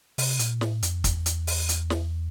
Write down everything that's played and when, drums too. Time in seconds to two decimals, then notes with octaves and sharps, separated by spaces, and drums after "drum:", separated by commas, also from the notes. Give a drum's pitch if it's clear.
0.18 C3, drum: open hi-hat
0.39 A#2, drum: hi-hat
0.61 A2, drum: snare
0.83 F2, drum: hi-hat
1.04 E2, drum: kick, hi-hat
1.26 drum: hi-hat
1.47 drum: open hi-hat
1.69 drum: hi-hat
1.90 drum: snare